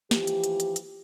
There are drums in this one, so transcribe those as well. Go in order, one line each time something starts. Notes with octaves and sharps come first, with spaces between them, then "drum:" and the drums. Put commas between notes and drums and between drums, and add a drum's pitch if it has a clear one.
E3 F3 G4, drum: snare
drum: hi-hat
drum: hi-hat
drum: hi-hat
drum: hi-hat